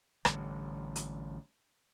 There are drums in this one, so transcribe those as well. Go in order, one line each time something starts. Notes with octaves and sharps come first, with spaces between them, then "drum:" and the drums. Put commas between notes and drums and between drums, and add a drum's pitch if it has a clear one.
A1 D3 G3, drum: rim click
drum: hi-hat